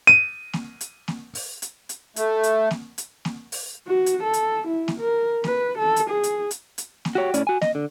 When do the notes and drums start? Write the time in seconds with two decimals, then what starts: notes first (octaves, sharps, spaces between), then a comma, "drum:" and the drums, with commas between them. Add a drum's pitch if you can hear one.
0.07 D#7
0.53 drum: snare A#3
0.81 drum: hi-hat
1.08 drum: snare A#3
1.35 drum: open hi-hat
1.62 drum: hi-hat
1.89 drum: hi-hat
2.16 A3, drum: hi-hat
2.43 drum: hi-hat
2.71 drum: snare A#3
2.98 drum: hi-hat
3.25 drum: snare A#3
3.52 drum: open hi-hat
3.87 F#4
4.06 drum: hi-hat
4.23 A4
4.33 drum: hi-hat
4.67 E4
4.88 drum: snare A#3
4.99 A#4
5.44 B4, drum: snare A#3
5.78 A4
5.96 drum: hi-hat
6.10 G#4
6.23 drum: hi-hat
6.51 drum: hi-hat
6.78 drum: hi-hat
7.05 drum: snare A#3
7.15 F#4 G4 C#5
7.34 A2 C#4 D5, drum: hi-hat
7.47 F#4 G#5
7.62 D#5, drum: snare A#3
7.75 D3